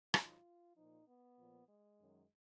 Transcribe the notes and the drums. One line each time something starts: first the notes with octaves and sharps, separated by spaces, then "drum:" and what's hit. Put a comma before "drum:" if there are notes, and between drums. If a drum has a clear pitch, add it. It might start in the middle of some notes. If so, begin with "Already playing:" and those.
G#2 D#3 F#3 F4, drum: rim click
A#2 F3 D#4
B3
A#2 F3
G#3
F#2 D#3 F#3